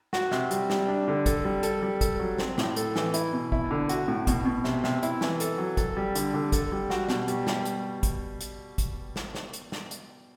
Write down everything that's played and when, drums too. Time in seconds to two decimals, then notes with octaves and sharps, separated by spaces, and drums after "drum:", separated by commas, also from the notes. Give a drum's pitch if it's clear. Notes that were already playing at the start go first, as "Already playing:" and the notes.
0.13 F#4, drum: snare
0.31 C3, drum: snare
0.51 G3, drum: hi-hat
0.70 G3, drum: snare
0.88 D4
1.08 D3
1.26 A4, drum: kick, hi-hat
1.44 G3
1.63 A4, drum: hi-hat
1.82 G3
2.01 A4, drum: kick, hi-hat
2.19 F#3
2.38 C4, drum: snare
2.58 A2, drum: snare
2.76 A4, drum: hi-hat
2.96 E3, drum: snare
3.14 E4, drum: hi-hat
3.33 B2
3.52 E4, drum: kick
3.71 D3
3.89 F#4, drum: hi-hat
4.08 A2
4.27 B2, drum: kick, hi-hat
4.45 B2
4.64 C3, drum: snare
4.84 C3, drum: snare
5.03 E4, drum: hi-hat
5.21 E3, drum: snare
5.40 A4, drum: hi-hat
5.58 F#3
5.77 A4, drum: kick, hi-hat
5.97 G3
6.15 D3, drum: hi-hat
6.34 D3
6.52 A4, drum: kick, hi-hat
6.72 G3
6.90 F#4, drum: snare
7.08 B2, drum: snare
7.28 G3, drum: hi-hat
7.47 G3, drum: snare
7.65 drum: hi-hat
8.03 drum: kick, hi-hat
8.41 drum: hi-hat
8.78 drum: kick, hi-hat
9.16 drum: snare
9.35 drum: snare
9.53 drum: hi-hat
9.72 drum: snare
9.91 drum: hi-hat